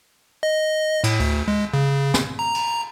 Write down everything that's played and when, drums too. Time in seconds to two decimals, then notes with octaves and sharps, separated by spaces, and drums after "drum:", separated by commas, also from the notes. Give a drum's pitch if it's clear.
0.43 D#5
1.04 A2, drum: cymbal
1.20 D2, drum: open hi-hat
1.48 G#3
1.74 C#3
2.14 drum: snare
2.39 A#5
2.55 drum: cymbal